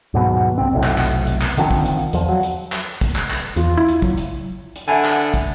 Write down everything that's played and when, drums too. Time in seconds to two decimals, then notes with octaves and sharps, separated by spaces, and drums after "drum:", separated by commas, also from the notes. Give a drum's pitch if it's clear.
0.14 D#2 G#2 B2 F#3
0.58 C2 C4
0.73 F1 B1 A2 C3
0.84 drum: clap
0.98 drum: clap
1.27 drum: hi-hat
1.42 drum: clap
1.57 D3 D#3 F3 C4, drum: hi-hat
1.71 drum: kick
1.85 drum: hi-hat
2.13 E2 F3, drum: hi-hat
2.29 F#3
2.43 drum: hi-hat
2.72 drum: clap
3.01 drum: kick, hi-hat
3.16 drum: clap
3.30 drum: clap
3.57 E2 F4, drum: hi-hat
3.77 E4
3.89 drum: hi-hat
4.02 F#3, drum: kick
4.18 drum: hi-hat
4.76 drum: hi-hat
4.88 D3 E5 F#5 G#5 B5
5.05 drum: clap
5.34 drum: kick, hi-hat